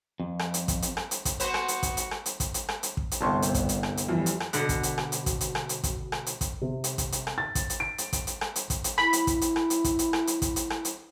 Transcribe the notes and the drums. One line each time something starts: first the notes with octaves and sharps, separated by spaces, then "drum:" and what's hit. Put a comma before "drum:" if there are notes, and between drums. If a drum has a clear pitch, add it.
F2
drum: rim click
drum: hi-hat
drum: kick, hi-hat
drum: hi-hat
drum: rim click
drum: hi-hat
drum: kick, hi-hat
B3 F#4 B4 C5, drum: hi-hat
drum: rim click
drum: hi-hat
drum: kick, hi-hat
drum: hi-hat
drum: rim click
drum: hi-hat
drum: kick, hi-hat
drum: hi-hat
drum: rim click
drum: hi-hat
drum: kick
drum: hi-hat
G1 C2 A5 C6 C#6
C4, drum: hi-hat
drum: kick, hi-hat
drum: hi-hat
drum: rim click
drum: hi-hat
F2 E3 G3
drum: hi-hat
drum: rim click
B2 D3 F#5, drum: hi-hat
drum: kick, hi-hat
drum: hi-hat
drum: rim click
drum: hi-hat
drum: kick, hi-hat
drum: hi-hat
drum: rim click
drum: hi-hat
drum: kick, hi-hat
drum: rim click
drum: hi-hat
drum: kick, hi-hat
C3
drum: hi-hat
drum: kick, hi-hat
drum: hi-hat
drum: rim click
A6
drum: kick, hi-hat
drum: hi-hat
D7
drum: hi-hat
drum: kick, hi-hat
drum: hi-hat
drum: rim click
drum: hi-hat
drum: kick, hi-hat
drum: hi-hat
E4 B5, drum: rim click
drum: hi-hat
drum: kick, hi-hat
drum: hi-hat
drum: rim click
drum: hi-hat
drum: kick, hi-hat
drum: hi-hat
drum: rim click
drum: hi-hat
drum: kick, hi-hat
drum: hi-hat
drum: rim click
drum: hi-hat